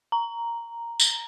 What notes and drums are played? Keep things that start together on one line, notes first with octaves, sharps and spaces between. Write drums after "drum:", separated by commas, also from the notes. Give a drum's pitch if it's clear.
A#5
drum: tambourine